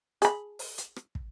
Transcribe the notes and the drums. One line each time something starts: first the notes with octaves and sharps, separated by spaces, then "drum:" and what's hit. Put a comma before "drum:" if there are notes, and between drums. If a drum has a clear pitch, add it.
G#4 B5, drum: hi-hat
drum: open hi-hat
drum: hi-hat
drum: rim click
drum: kick